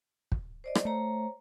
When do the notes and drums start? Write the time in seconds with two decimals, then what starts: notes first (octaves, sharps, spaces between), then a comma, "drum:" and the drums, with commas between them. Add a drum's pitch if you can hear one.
0.32 drum: kick
0.64 C5 D5 D#5
0.75 drum: rim click
0.85 A3 C5 C#5 A#5